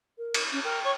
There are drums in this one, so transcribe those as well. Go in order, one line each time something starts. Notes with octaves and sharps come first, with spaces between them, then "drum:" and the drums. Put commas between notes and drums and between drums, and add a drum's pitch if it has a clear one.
A#4
drum: cymbal
C#4
A#4 G5
C#5